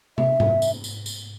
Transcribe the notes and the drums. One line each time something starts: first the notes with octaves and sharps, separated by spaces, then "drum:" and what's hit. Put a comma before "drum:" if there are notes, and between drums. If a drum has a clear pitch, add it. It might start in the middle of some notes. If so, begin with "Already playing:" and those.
E5, drum: tom
drum: tom G#2
drum: tambourine
drum: tambourine
drum: tambourine